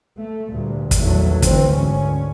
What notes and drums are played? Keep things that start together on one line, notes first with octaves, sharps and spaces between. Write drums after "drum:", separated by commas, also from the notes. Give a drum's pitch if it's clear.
A3
D2 G2 A#2
drum: kick, hi-hat
A#1 E2 D#3 F#3 A3
D2 E3 C4, drum: kick, hi-hat
D2 G#2 C#4